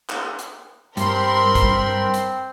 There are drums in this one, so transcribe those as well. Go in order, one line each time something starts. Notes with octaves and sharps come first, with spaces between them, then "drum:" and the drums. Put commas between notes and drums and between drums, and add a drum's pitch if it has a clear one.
drum: clap
drum: hi-hat
G2 C4 A#4 B5 C6, drum: hi-hat
drum: kick, hi-hat
drum: hi-hat